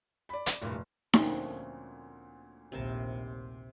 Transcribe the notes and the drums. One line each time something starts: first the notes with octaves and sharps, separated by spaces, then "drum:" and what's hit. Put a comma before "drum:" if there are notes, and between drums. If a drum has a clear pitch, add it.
D5 B5
drum: hi-hat
F1 G2 A#2 E3
D2 A#2 F3 A3 A#3 C4 C#4, drum: snare D#4
A#1 D#2 C3 A#4 A5